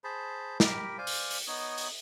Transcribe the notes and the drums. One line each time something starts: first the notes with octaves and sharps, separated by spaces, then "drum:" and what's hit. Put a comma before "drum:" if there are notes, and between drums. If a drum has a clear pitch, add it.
G#4 C5 A5 B5
G4 A#4 B5, drum: snare
C5 D5 F5 G#5
drum: open hi-hat
drum: open hi-hat
B3 D#4 C#5 D#6
drum: open hi-hat